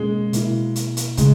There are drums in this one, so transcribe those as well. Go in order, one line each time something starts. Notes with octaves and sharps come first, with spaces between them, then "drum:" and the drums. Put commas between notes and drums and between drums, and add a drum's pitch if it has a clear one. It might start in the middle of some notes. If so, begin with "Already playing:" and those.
Already playing: B2 G#3 A#3 C#4
B2 A#3 E4, drum: hi-hat
drum: hi-hat
drum: hi-hat
C#3 G#3, drum: kick, hi-hat